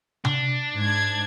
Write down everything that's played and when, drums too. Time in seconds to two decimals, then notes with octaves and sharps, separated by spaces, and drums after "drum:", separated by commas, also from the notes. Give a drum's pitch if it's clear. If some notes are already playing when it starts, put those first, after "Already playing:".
0.25 D4, drum: tom C3
0.75 G#2 G#6